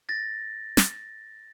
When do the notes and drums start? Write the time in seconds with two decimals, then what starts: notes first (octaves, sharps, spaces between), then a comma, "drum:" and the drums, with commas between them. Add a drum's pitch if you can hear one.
0.09 A6 A#6
0.77 drum: snare